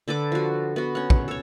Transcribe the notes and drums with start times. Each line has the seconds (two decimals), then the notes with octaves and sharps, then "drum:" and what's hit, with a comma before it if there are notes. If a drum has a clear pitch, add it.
0.08 D3 A4 B4 D6
0.32 F3 F#4
0.76 B3 F#4
0.95 C#4 F#5
1.10 drum: kick
1.28 A4 C#5